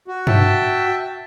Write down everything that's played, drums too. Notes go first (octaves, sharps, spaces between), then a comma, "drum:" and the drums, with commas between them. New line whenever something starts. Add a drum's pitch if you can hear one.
F#4
E5 G5 A5, drum: tom G2